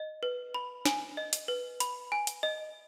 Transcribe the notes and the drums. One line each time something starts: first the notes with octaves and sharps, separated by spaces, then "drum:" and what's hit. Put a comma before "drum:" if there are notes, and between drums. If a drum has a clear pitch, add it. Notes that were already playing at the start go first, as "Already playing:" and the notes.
Already playing: D#5
B4
B5
G#5, drum: snare
D#5
drum: hi-hat
B4
B5, drum: hi-hat
G#5
drum: hi-hat
D#5